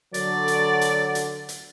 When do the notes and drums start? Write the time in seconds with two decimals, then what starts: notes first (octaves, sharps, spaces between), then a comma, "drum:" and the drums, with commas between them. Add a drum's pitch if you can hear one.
0.14 D3 F#3 A4 D5, drum: hi-hat
0.48 drum: hi-hat
0.81 drum: hi-hat
1.15 drum: hi-hat
1.49 drum: hi-hat